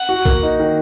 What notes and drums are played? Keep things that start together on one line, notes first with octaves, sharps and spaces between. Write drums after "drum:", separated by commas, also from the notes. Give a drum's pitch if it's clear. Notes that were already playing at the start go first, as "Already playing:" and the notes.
Already playing: F#5
F#4
A#3, drum: kick A#1
D#4
D#3